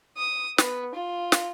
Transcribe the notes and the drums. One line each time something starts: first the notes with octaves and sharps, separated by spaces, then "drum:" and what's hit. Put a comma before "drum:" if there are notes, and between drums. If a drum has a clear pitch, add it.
D#6
B3, drum: snare
F4
drum: snare